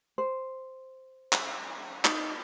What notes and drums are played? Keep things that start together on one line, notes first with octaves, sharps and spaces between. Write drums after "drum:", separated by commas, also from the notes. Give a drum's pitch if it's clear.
C5
drum: clap
D#4, drum: clap